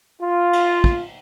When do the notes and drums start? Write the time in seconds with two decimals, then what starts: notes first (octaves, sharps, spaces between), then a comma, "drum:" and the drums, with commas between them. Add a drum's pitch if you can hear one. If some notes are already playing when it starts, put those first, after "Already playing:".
0.22 F4
0.53 drum: cymbal
0.84 drum: kick